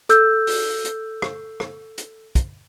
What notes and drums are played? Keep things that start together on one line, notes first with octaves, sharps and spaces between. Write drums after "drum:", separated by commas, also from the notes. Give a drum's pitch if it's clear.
A4 E6 G6, drum: hi-hat
drum: open hi-hat
drum: hi-hat
drum: rim click
drum: rim click
drum: hi-hat
drum: kick, hi-hat